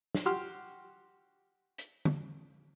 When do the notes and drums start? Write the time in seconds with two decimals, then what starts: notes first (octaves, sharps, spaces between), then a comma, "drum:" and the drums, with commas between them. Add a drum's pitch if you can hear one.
0.15 drum: snare
0.25 F#4 G4 C6 F6
1.78 drum: hi-hat
2.05 drum: tom D3